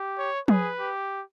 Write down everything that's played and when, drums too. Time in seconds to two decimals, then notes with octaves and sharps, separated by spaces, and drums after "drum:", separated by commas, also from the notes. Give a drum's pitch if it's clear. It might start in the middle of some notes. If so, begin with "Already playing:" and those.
Already playing: G4
0.18 C#5
0.48 G#4 B4, drum: tom F3
0.80 G4